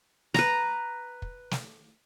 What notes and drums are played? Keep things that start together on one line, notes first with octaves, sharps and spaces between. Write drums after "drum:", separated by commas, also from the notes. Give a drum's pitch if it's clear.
B4 A#5, drum: snare
drum: kick
drum: snare